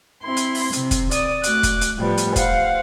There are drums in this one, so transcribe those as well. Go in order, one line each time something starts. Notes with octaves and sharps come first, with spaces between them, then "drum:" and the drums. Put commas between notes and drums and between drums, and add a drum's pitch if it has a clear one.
C4 E4 C6
drum: hi-hat
drum: open hi-hat
C3 C4, drum: hi-hat
drum: kick, hi-hat
D5 D#6, drum: hi-hat
A3 F#4 D6 F#6, drum: hi-hat
drum: kick, hi-hat
drum: hi-hat
A2 F3 G3 B3
drum: hi-hat
C5 F5 F#5, drum: kick, hi-hat